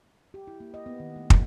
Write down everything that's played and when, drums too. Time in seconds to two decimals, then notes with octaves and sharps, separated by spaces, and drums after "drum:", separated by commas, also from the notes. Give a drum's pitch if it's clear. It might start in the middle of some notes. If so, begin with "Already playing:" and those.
0.34 G4
0.47 E4
0.60 A#3
0.74 D#5
0.86 B3
1.00 D#3
1.16 A3
1.30 G3, drum: kick